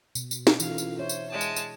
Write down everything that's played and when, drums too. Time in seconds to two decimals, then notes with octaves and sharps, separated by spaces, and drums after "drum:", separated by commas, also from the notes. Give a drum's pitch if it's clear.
0.15 B2, drum: tambourine
0.31 drum: tambourine
0.47 drum: snare
0.60 E3 C#4 F4 A4 F5, drum: tambourine
0.78 drum: tambourine
0.99 D4 C5 C#5 E5
1.09 drum: tambourine
1.30 G#3 A5
1.41 drum: tambourine
1.56 drum: tambourine